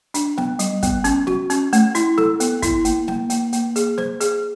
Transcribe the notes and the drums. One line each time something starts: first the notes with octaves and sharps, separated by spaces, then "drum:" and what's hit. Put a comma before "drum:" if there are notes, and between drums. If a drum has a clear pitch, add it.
D4, drum: hi-hat
B3, drum: snare
G3, drum: hi-hat
B3, drum: kick, hi-hat
C#4, drum: hi-hat
F#4, drum: snare
C#4, drum: hi-hat
A3, drum: hi-hat
E4, drum: hi-hat
A4, drum: snare
B3, drum: hi-hat
E4, drum: kick, hi-hat
A#3, drum: hi-hat
A#3, drum: snare
A#3, drum: hi-hat
A#3, drum: hi-hat
G#4, drum: hi-hat
C5, drum: snare
G#4, drum: hi-hat